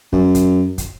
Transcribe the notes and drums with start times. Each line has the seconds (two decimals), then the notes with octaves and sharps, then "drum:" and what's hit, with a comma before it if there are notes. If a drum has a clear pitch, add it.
0.13 F#2, drum: kick
0.35 drum: kick, hi-hat
0.78 drum: kick, hi-hat